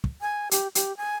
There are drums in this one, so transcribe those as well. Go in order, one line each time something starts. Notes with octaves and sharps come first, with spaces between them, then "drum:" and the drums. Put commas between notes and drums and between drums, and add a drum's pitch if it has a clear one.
drum: kick
G#5
G4, drum: hi-hat
G4, drum: hi-hat
G#5